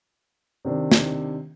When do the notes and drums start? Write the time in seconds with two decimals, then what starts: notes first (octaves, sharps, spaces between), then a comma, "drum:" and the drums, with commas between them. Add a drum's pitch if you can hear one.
0.65 C3 D#3 C4 D4
0.92 drum: snare